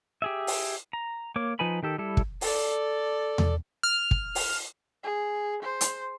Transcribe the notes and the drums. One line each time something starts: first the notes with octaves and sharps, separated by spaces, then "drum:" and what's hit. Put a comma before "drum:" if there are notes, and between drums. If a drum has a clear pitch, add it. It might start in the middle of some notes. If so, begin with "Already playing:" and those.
G4 G#4 E5
drum: open hi-hat
A#5
A#3 C#5 D6
F3 D#4 B4 G#5 B5
D#3 G4 A4
G3 E4 A4
drum: kick
A4 D5, drum: open hi-hat
drum: tom E2
F6
drum: kick
drum: open hi-hat
G#4
C5
drum: hi-hat